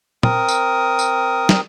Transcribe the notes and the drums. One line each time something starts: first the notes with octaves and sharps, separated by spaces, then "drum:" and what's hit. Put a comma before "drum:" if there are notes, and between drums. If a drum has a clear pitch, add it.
C4 A#4 D#6, drum: tom
drum: tambourine
drum: tambourine
drum: snare